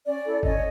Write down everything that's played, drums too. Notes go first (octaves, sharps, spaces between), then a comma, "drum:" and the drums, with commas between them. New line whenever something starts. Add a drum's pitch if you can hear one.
C#4 D5
E4 A4 C#5
C#4 C#5 D#5, drum: kick G1